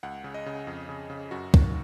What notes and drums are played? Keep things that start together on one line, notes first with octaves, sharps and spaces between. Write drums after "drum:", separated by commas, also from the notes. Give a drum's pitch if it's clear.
C#2 F#5
C#3
D#5
C#3
F2
C#3
C#3
F#2 F#4
D#3, drum: kick